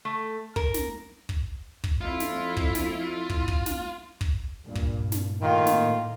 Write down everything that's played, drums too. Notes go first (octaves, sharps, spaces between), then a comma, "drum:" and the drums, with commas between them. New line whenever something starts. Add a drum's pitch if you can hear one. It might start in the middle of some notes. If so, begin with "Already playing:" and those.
A3
A#4, drum: kick
drum: snare
drum: kick
drum: kick
F2 E4 F4
drum: snare
drum: kick
drum: snare
drum: kick
drum: kick
drum: snare
drum: kick
G2 A#2
drum: kick
drum: snare
A2 D#3 A#3 F4
drum: snare